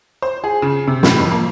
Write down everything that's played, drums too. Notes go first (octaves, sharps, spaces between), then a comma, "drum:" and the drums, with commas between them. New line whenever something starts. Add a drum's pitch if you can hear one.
C5
G#4
C#3
C3
A2, drum: snare
F2
A#3